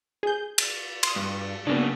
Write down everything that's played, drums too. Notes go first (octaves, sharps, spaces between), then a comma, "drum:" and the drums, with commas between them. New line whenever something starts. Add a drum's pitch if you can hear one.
G#4 G6
drum: cymbal
C6 D#6, drum: cymbal
G2
C#3 A#3 B3 D4